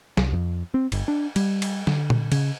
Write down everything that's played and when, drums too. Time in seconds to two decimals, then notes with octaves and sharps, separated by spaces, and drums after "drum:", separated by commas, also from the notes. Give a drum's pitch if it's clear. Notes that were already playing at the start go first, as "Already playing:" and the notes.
0.17 C2, drum: snare
0.33 F2
0.74 C4
0.92 G1, drum: cymbal
1.08 D4
1.36 G3, drum: cymbal
1.62 drum: cymbal
1.87 D3, drum: snare
2.10 drum: tom A#2
2.32 C#3, drum: cymbal